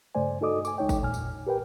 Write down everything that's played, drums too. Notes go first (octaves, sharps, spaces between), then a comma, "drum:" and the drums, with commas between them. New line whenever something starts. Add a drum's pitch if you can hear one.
G2 C#3 A3 C5 D5 G#5
D#4 F#4 A4 D#5 D6 D#6
G#5 D6, drum: tambourine
C#2 G#3 D#4 C#5 G5
drum: kick G#1, tambourine
E2 A#2 G#5 F6
drum: tambourine
G4 A#4 B4 G5